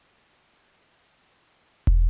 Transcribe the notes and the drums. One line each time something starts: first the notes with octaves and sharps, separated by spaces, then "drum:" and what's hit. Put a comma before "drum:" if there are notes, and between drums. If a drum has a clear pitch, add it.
E2
F#3
drum: kick